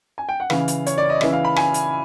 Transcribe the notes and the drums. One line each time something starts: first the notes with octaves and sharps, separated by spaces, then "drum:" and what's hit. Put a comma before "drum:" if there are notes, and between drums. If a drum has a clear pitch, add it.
G#5
G5
F#5
C#3 E3 F5, drum: rim click
drum: hi-hat
C#5, drum: hi-hat
D5
D#5
C#3 E3 E5, drum: rim click
F5
B5
G#5, drum: rim click
drum: hi-hat